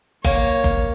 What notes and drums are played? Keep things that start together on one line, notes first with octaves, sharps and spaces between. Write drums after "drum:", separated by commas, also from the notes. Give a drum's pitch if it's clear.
A#3 C#5, drum: kick F#1
drum: kick F#1